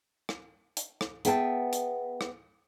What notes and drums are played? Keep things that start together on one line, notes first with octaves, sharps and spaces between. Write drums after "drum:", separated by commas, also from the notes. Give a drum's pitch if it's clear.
drum: rim click
drum: hi-hat
drum: rim click
B3 G#4 E5 G5 A5, drum: hi-hat
drum: hi-hat
drum: rim click